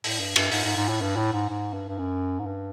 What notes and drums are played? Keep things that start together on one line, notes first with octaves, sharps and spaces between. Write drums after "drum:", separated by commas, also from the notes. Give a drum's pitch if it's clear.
A2, drum: open hi-hat
G2
G2, drum: cymbal
G#2, drum: open hi-hat
G#2
G#2
A2
G2
A2
G#2
G#2
G2
G2
F#2
G#2
G2